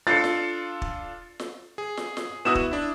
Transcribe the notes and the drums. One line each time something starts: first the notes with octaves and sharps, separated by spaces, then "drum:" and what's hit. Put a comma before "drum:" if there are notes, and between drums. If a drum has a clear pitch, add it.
D4 F4 A4 A6 C7 C#7
drum: snare
drum: kick
drum: snare
G#4
drum: snare
drum: snare
B3 E4 F#4 D#6 E6 E7
drum: kick
D4 E4